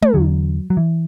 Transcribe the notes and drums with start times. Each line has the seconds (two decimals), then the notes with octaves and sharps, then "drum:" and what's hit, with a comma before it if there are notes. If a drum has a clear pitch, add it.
0.02 A3, drum: tom
0.14 E2 D3 F#3
0.70 F#3
0.77 E3